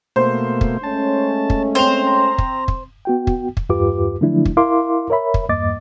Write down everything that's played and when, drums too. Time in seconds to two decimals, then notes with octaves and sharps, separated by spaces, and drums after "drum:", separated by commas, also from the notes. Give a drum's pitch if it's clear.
0.16 B2 A3 A#3 C5
0.61 drum: kick
0.83 G#3 A3 C#4 A5
1.50 drum: kick
1.75 C4 C5 F7
2.07 A#5
2.38 drum: kick
2.68 drum: kick
3.05 B3 F#4 G5
3.27 drum: kick
3.57 drum: kick
3.69 E2 G2 F4 G4 B4 D6
4.21 D3 F3 F#3 A3 D4 E4
4.45 drum: kick
4.57 E4 A#4 F5 C6 D6
5.10 A#4 C#5 E5 B5
5.34 drum: kick
5.49 E2 G2 A#3 D#5 D6 A6